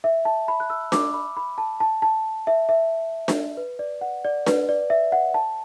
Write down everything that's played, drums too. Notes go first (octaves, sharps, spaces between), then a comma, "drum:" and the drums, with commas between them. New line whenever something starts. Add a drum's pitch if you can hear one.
E5
A5
B5
F#6
E6
D6, drum: snare D4
B5
B5
A5
A5
A5
E5
E5
drum: snare D4
B4
D5
F#5
D5
B4, drum: snare D4
D5
E5
F#5
A5